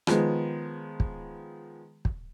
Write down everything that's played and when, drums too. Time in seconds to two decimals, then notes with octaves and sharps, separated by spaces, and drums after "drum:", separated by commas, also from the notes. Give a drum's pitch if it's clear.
0.07 D#3 F3 G#3 B3, drum: rim click
1.00 drum: kick
2.05 drum: kick